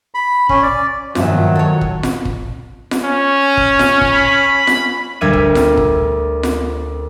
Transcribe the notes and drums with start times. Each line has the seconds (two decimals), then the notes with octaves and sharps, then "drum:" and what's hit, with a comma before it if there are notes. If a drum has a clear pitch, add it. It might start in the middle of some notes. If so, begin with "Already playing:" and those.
0.15 B5
0.49 C#4, drum: kick
0.63 D5
1.15 G2 A#2 D#3 F3 F#3 E5, drum: snare F4
1.55 A4 C#5
1.81 drum: kick
2.03 drum: snare F4
2.25 drum: kick
2.91 drum: snare F4
3.05 C#4
3.57 drum: kick
3.79 drum: snare F4
4.01 drum: kick
4.12 B5
4.67 drum: snare F4
5.21 D2 G3 A#4 E5 G#6 D#7
5.33 drum: kick
5.55 drum: snare F4
5.77 drum: kick
6.43 drum: snare F4